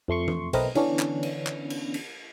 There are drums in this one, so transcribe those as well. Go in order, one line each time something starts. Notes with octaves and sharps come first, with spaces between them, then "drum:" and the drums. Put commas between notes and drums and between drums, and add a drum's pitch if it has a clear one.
F2 A3 C6 C#6
drum: tom E3
B1 A3 C4 A#4 B4 D#5, drum: cymbal
D3 E3 B3 C#4 D4, drum: cymbal
drum: clap
drum: cymbal
drum: clap
drum: cymbal
drum: cymbal